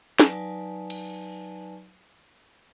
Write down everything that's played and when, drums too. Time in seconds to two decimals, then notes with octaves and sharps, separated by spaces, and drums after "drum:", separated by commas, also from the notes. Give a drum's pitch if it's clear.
0.20 F#3 D#4 B4 D5 G#5 A5, drum: snare
0.90 drum: cymbal